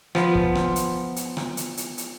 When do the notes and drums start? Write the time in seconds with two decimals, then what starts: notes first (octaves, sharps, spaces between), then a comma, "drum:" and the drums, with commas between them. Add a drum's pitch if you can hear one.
0.15 F3 B3 F4, drum: rim click
0.35 drum: kick
0.55 drum: rim click
0.76 drum: hi-hat
1.16 drum: hi-hat
1.37 drum: rim click
1.57 drum: hi-hat
1.77 drum: hi-hat
1.98 drum: hi-hat